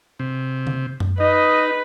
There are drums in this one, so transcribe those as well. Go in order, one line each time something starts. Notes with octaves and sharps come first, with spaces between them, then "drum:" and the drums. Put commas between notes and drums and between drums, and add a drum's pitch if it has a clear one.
C3
drum: tom C#3
drum: tom F#2
D#4 B4 D#5